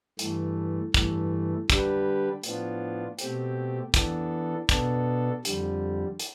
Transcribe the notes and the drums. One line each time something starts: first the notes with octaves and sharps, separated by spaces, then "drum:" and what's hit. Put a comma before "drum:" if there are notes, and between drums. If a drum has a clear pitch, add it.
G2 E3 A3, drum: hi-hat
G2 E3 A3, drum: kick, hi-hat
D3 G3 D4 G4 B4, drum: kick, hi-hat
A2 F3 B3 D4 F4, drum: hi-hat
B2 A3 C4 G4, drum: hi-hat
E3 B3 D4 A4, drum: kick, hi-hat
B2 B3 D4 A4, drum: kick, hi-hat
F2 D3 G3, drum: hi-hat
drum: hi-hat